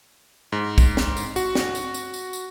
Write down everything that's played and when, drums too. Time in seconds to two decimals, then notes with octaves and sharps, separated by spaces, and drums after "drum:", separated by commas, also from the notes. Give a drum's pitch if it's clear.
0.52 G#2
0.78 drum: kick, tambourine
0.97 drum: snare
1.17 drum: tambourine
1.36 F#4, drum: tambourine
1.55 drum: snare
1.75 drum: tambourine
1.94 drum: tambourine
2.14 drum: tambourine
2.33 drum: tambourine